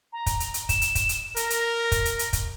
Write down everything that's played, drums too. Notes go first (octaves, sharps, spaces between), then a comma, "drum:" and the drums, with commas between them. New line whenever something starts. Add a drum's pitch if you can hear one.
A#5
drum: kick, hi-hat
drum: hi-hat
drum: hi-hat
E7, drum: kick, hi-hat
drum: hi-hat
drum: kick, hi-hat
drum: hi-hat
A#4 A#6, drum: hi-hat
drum: hi-hat
drum: kick, hi-hat
drum: hi-hat
drum: hi-hat
drum: kick, hi-hat